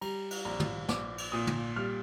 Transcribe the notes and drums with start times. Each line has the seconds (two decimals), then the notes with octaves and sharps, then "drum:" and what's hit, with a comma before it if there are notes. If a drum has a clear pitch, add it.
0.01 G3 A#5, drum: cymbal
0.31 drum: cymbal
0.45 A#1 A#5
0.60 drum: tom
0.89 A#1 D6, drum: snare
1.18 drum: cymbal
1.32 A#2 D#6
1.47 drum: tom
1.76 G3 F6